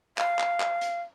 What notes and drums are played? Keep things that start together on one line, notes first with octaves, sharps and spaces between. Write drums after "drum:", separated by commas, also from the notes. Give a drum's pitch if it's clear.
F5, drum: clap
drum: clap
drum: clap
drum: hi-hat